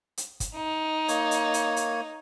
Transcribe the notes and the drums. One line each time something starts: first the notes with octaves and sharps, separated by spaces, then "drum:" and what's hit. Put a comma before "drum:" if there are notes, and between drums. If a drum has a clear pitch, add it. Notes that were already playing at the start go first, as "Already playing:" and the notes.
drum: hi-hat
drum: kick, hi-hat
D#4
A#3 C#5, drum: hi-hat
drum: hi-hat
drum: hi-hat
drum: hi-hat